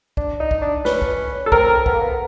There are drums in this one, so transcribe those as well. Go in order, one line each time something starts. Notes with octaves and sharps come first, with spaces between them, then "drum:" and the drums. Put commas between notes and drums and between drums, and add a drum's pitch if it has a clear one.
D4, drum: kick
D#4
drum: kick
D4
C#4 B4, drum: snare
drum: kick
A4
C4 A#4, drum: kick
B3, drum: kick
A#3
B3